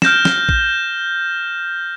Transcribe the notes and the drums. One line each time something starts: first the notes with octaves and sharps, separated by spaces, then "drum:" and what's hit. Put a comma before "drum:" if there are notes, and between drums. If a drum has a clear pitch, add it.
F6 G6 A#6 E7, drum: snare
drum: snare
drum: kick